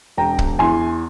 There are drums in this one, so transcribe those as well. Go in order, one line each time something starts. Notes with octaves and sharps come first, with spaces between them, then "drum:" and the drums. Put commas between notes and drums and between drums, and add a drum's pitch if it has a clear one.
E1 G5 A#5
drum: kick
E2 E3 G#5 C6